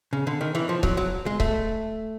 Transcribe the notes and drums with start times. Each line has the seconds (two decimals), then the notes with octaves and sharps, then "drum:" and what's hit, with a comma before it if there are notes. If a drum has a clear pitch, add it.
0.13 C#3
0.27 D3
0.41 D#3
0.55 E3
0.69 F3
0.83 F#3, drum: kick C#1
0.97 F#3
1.26 G#3
1.40 A3, drum: kick C#1